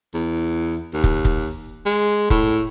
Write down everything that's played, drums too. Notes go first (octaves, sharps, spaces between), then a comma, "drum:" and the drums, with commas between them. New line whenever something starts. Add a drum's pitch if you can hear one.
E2
D#2
drum: kick
drum: kick
G#3
A2, drum: kick